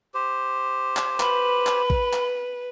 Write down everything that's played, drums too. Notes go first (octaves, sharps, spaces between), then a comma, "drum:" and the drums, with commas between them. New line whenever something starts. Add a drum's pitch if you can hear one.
G4 C5
drum: clap
B4 B5, drum: clap
drum: clap
drum: kick
drum: clap